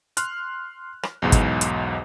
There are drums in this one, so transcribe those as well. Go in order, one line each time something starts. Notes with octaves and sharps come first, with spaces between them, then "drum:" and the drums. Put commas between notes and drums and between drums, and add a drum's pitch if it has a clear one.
C6 F6 F#6, drum: hi-hat
drum: rim click
B1 E2 G#2
drum: kick, hi-hat
drum: hi-hat